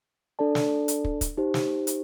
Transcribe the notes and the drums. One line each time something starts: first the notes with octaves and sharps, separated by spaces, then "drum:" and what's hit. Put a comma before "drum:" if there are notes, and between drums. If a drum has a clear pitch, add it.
D4 A4 D5 A5
drum: snare
drum: hi-hat
drum: kick
drum: kick, hi-hat
D#4 G4 C5
drum: snare
drum: hi-hat